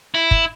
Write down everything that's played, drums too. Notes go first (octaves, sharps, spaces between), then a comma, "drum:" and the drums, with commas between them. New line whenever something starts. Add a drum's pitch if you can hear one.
E4
drum: kick